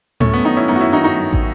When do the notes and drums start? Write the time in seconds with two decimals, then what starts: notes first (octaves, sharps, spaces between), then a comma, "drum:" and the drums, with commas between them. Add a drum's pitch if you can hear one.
0.20 F#2 A3 C#4, drum: tom A2
0.33 B3
0.44 D#3 B3 D#4
0.56 C#4 E4
0.68 F#2 B3 D#4
0.76 F#4
0.80 C#4 E4
0.93 D#3 D#4 F#4
1.04 D#4 F#4
1.16 F#2
1.33 drum: kick